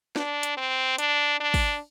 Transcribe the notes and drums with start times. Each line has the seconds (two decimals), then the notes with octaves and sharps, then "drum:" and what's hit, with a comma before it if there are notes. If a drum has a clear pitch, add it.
0.16 D4, drum: snare
0.43 drum: hi-hat
0.57 C4
0.98 D4, drum: hi-hat
1.40 D4
1.54 drum: kick, open hi-hat